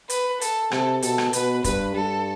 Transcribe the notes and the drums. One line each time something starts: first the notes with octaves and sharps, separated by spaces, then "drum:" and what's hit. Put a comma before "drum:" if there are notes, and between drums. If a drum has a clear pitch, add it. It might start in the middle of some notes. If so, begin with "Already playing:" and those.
B4, drum: hi-hat
A4, drum: hi-hat
C3 A4, drum: rim click
B2 A4, drum: hi-hat
drum: rim click
B2 B4, drum: hi-hat
G2 B4, drum: kick, hi-hat
G2 A4